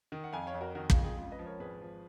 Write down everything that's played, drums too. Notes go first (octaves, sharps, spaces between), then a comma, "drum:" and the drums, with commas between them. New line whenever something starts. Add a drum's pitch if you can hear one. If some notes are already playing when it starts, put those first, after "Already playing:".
D#3
F#5
F2 F5 G#5
C#5 F5
F2
F#4 A#4
D#3 F#4 A#4
F4 G#4, drum: kick
F2
F4 G#4
C#2 F4
B4 D#5
F3
A#4 C#5
G#1 G#4 B4
F3